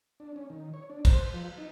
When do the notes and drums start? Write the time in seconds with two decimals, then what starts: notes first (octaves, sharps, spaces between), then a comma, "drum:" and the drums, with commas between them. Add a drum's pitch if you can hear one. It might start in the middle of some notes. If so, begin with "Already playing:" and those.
0.20 D4
0.36 C#4
0.50 D#3
0.74 C#5
0.90 D4
1.05 C5, drum: kick, cymbal
1.34 F3
1.58 D#4